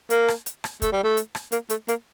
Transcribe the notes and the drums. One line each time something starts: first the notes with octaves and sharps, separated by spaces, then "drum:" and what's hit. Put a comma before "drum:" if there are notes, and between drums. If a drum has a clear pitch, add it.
A#3, drum: hi-hat
drum: rim click
drum: hi-hat
drum: rim click
A3, drum: kick, hi-hat
G3
A3
drum: hi-hat
drum: rim click
A#3, drum: hi-hat
A3, drum: hi-hat
A#3, drum: hi-hat